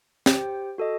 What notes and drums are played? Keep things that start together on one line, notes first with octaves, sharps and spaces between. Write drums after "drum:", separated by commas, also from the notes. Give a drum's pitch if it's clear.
G4 C5 G5, drum: snare
F#4 A4 D#5